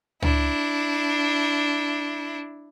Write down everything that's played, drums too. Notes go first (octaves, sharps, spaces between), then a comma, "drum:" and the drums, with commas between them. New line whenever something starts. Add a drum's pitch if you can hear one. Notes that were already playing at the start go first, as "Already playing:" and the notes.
D4 E4, drum: tom C#2